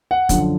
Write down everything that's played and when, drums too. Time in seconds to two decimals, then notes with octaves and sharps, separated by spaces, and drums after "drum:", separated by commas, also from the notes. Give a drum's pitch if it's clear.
0.11 F#5
0.29 F#2 D3 F3, drum: kick, hi-hat